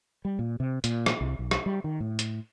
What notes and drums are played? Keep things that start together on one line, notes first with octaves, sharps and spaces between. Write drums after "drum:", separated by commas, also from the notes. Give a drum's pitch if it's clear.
G3
A#2
C3
A#2, drum: hi-hat
drum: rim click
C2
B1
drum: rim click
G3
D#3
A2
drum: hi-hat